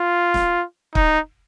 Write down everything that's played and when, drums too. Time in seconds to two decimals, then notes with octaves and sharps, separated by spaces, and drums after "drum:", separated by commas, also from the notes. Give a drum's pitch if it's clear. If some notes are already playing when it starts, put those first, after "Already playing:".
Already playing: F4
0.34 drum: snare
0.95 D#4, drum: kick